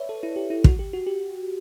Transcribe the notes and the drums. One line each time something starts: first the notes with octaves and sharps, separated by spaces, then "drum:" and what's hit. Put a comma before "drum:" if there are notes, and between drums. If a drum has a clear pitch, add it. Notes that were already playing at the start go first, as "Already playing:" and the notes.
Already playing: B4 C#5 D5 E5
A4
E4
G4
E4
F#4, drum: kick
G4
F#4
G4